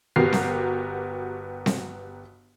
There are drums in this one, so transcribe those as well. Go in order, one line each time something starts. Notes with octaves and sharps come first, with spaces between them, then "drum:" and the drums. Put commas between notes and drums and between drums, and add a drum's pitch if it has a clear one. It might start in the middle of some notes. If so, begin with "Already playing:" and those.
G1 B3 F#4 G4 A#4 C7
drum: snare C4
drum: snare C4